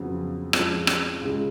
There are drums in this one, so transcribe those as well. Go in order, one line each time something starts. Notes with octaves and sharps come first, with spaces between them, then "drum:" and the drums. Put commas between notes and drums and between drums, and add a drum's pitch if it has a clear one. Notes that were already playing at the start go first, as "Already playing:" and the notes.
Already playing: F2 C#3 F#3 B3
F2 F3 G#3 C#4, drum: rim click
drum: rim click
C#2 C#3 G#3